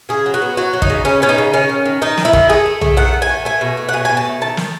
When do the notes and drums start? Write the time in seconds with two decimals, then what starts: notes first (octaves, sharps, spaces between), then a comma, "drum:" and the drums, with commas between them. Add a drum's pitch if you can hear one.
0.09 C#3 G#4
0.26 F#3
0.34 F#4
0.42 B3
0.57 F#3 F#4
0.73 F#3
0.82 D#4, drum: kick
0.90 C#3
1.05 C#3 C#4
1.22 B3 C#4
1.29 D#4
1.38 C#3
1.53 D#3 C#4
1.69 D#3
1.86 D#3
2.02 D#3 D#4
2.17 D#3, drum: snare
2.25 E4
2.33 D#3, drum: kick
2.49 A3 G#4
2.66 A3
2.81 A3, drum: tom B1
2.97 D#3 F#5
3.13 D#3
3.22 G#5
3.29 A3
3.45 A3 G#5
3.61 B2
3.77 A3
3.89 F#5
3.93 B2 G#5
4.05 B2 G#5
4.17 A5
4.25 A3
4.41 D#3 A5
4.57 D#3, drum: snare